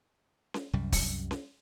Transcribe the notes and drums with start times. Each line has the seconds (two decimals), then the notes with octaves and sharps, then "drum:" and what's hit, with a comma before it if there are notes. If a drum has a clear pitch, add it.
0.54 drum: snare C#4
0.73 C2 F#2 C3 G3
0.92 drum: kick, open hi-hat
1.31 drum: snare C#4